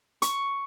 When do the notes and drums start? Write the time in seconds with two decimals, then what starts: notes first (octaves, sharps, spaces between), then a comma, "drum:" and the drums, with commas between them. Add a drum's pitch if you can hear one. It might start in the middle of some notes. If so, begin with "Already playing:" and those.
0.22 C#6, drum: hi-hat